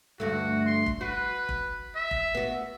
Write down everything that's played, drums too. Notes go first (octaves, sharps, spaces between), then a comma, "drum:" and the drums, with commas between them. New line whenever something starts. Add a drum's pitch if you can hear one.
D2 G2 A3 F#4
C6
drum: kick F1
F#4 B4
drum: kick F1
E5
drum: kick F1
B3 F#4